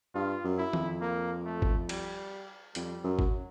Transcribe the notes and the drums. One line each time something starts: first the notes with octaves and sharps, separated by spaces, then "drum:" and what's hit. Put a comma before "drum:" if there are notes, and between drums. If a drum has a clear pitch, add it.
G2 F4
F#2
E4
F2, drum: tom D#3
A#3
A3
drum: kick G1
G3, drum: cymbal
F2 G3, drum: hi-hat
F#2
F#3, drum: kick G1